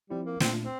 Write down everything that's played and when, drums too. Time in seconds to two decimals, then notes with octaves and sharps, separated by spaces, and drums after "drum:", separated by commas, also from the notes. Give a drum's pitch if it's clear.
0.10 F3 G3 C4 E4
0.26 A#3
0.40 A#2 A3 C4 D4 F4, drum: snare
0.63 C4